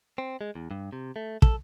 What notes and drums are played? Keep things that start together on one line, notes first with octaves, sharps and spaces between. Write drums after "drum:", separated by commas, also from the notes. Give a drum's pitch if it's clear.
C4
G#3
E2
G2
C3
A3
A4, drum: kick